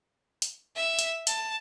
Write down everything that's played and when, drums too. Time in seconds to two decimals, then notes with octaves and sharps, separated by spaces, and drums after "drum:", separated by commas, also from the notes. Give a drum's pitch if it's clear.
0.42 drum: hi-hat
0.76 E5
0.99 drum: hi-hat
1.27 A5, drum: hi-hat